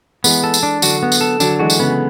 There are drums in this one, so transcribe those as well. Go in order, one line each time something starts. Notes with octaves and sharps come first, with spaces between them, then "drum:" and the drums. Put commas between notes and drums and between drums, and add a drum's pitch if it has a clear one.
E3 G#3 B3, drum: tambourine
A4
drum: tambourine
D4
D3 F#3 F#4, drum: tambourine
B3
drum: tambourine
A4
D3 F#3 D4, drum: tambourine
E3 G#3 F#4
drum: tambourine
C#3 B3